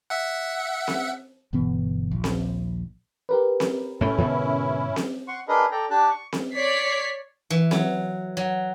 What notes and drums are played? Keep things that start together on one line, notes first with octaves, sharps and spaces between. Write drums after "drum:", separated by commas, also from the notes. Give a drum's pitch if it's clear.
E5 F#5
drum: snare C4
G1 B2 E3 B3
A#1 D#2
drum: snare C4
G4 A#4 B4
drum: snare C4
A2 A3 C#4 E4
G#2 B2 D3
drum: snare C4
F#5 C6 C#6
D4 G#4 A#4 B4 D#5
A4 D5 G5 A#5
D4 G4 A5 F#6
C#6
drum: snare C4
C#5 D5 B6 C7
E3
F#3, drum: snare C4
F#3